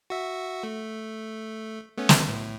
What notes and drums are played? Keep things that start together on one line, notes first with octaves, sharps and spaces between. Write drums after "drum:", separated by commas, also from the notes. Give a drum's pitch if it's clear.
F#4 E5
A3
A3 B3 C#4
drum: snare
A2